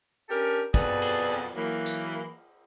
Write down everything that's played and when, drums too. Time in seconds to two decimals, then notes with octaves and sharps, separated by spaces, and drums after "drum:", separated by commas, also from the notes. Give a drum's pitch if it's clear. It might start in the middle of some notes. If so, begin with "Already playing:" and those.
0.29 C#4 D4 G4 A4 A#4
0.74 F2 B2 G#4 A4 B4 D5, drum: kick
1.02 drum: cymbal
1.55 E3 F#3 A#3
1.86 drum: tambourine